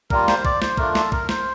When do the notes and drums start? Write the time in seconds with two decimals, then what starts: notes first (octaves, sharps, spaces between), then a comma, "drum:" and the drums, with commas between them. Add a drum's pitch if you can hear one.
0.10 G3 A#3 F4 A#4, drum: kick B1
0.28 C5, drum: snare
0.45 D5, drum: kick B1
0.62 C5, drum: snare
0.77 A3 D4 F4 A#4, drum: kick B1
0.95 A4, drum: snare
1.12 A#4, drum: kick B1
1.29 C5, drum: snare